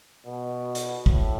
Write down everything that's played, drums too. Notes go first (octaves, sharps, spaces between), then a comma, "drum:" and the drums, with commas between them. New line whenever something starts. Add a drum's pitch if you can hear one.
B2
drum: hi-hat
A2, drum: kick